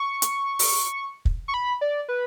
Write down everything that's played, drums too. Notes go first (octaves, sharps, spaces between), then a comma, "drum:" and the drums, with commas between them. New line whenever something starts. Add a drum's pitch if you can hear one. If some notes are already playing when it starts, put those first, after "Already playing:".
Already playing: C#6
drum: hi-hat
drum: open hi-hat
drum: kick
C#6
B5
D5
B4